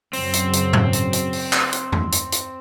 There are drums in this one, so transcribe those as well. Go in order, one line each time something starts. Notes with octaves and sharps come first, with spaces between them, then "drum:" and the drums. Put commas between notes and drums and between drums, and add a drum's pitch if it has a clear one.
F#2 C#3 F#3 C4, drum: open hi-hat
drum: hi-hat
drum: hi-hat
drum: tom G#2
drum: hi-hat
drum: hi-hat
drum: open hi-hat
drum: clap
drum: hi-hat
drum: tom E2
drum: hi-hat
drum: hi-hat